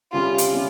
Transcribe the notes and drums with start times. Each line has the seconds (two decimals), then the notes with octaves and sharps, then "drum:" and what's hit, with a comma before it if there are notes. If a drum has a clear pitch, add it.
0.12 C3 G3 C#4 F4 G4
0.38 drum: hi-hat
0.53 C3 G3 C#4 G4